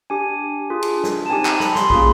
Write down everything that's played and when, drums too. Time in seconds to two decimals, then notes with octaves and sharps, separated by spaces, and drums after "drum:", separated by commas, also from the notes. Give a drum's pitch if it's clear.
0.10 D4 G4 G#5
0.70 D4 F4 G#4
0.83 drum: cymbal
1.04 drum: snare
1.26 A5
1.30 C4 D#4 G4 G#5
1.45 A#5, drum: clap
1.60 B5, drum: snare
1.75 C6, drum: snare
1.90 A#3 C#4 F4 G#4 B5, drum: kick